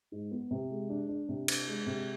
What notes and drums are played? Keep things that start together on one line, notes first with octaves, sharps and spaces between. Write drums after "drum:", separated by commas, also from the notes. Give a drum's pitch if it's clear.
G#2
B3
C3
G#3
D4
D4
C3
D4, drum: cymbal
G#3
C3